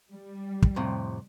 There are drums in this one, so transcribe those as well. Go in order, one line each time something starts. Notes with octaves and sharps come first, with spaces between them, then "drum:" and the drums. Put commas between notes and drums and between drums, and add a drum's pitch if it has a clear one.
G3
drum: kick
F2 A2 C3